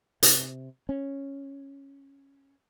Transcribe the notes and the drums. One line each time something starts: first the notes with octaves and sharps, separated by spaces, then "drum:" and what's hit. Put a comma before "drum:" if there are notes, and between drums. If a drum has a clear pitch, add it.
C3, drum: hi-hat
C#4